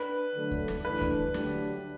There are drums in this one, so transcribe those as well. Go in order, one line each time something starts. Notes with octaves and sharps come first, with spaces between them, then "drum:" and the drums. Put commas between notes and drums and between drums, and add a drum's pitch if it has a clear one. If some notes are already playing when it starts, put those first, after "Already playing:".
Already playing: D4 B4
D3 F#3 A3 D4
drum: kick D2
drum: snare
G2 E3 A3 D4 B4
drum: kick D2
D3 F#3 A3 D4 G4, drum: snare